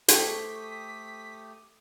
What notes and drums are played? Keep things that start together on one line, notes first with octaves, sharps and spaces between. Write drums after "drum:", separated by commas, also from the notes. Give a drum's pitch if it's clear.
A3 G4 A4 C5 G5 C#6 D#6 B6, drum: hi-hat